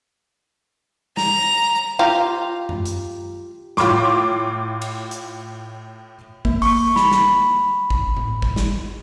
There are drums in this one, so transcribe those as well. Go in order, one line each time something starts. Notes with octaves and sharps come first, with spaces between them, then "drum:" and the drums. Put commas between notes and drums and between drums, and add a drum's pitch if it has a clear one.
A#5, drum: snare
F4 G4 F5 A#5
drum: tom F#2
drum: hi-hat
A2 F4 C#5 C6 D6, drum: snare
drum: cymbal
drum: hi-hat
A#3, drum: kick G#1
C#6, drum: open hi-hat
B5, drum: snare
drum: snare
drum: kick G#1
drum: tom A2
drum: kick G#1
drum: snare